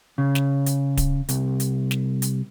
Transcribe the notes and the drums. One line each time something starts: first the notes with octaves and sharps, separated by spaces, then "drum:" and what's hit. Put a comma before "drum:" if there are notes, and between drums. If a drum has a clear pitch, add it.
C#3
drum: snare
drum: hi-hat
drum: kick D1, hi-hat
C2, drum: hi-hat
drum: hi-hat
drum: snare
drum: hi-hat